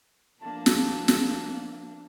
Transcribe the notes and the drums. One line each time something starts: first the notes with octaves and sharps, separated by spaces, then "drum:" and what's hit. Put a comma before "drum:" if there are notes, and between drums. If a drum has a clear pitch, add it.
F3 A#3 B3 D4 A5
drum: snare
drum: snare